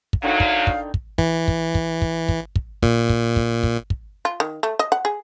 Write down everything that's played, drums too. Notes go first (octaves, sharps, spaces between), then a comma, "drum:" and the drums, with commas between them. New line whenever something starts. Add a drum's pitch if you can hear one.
drum: kick
D2 D3 D#3 F#3 D#4 F5
drum: kick
drum: kick
drum: kick
E3, drum: kick
drum: kick
drum: kick
drum: kick
drum: kick
drum: kick
A#2, drum: kick
drum: kick
drum: kick
drum: kick
drum: kick
F4
D#3
A3
D#5
F#5
G#4